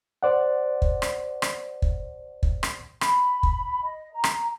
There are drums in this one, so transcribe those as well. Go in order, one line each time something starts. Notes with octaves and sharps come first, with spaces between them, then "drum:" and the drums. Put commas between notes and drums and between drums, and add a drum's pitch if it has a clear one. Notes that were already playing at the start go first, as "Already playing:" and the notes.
C5 D5 F#5
drum: kick
drum: rim click
drum: rim click
drum: kick
drum: kick
drum: rim click
B5, drum: rim click
drum: kick
D#5
A#5
drum: rim click